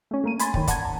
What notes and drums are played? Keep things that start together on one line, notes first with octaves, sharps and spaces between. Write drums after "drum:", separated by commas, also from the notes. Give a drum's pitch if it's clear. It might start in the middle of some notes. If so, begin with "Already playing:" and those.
A3 C#4
A3 A#3 D#7
G#5 B5 C6 A6, drum: hi-hat
D#3 C#5 G5, drum: kick
D5 F#5 A5 A#5 G#6, drum: kick, hi-hat
A5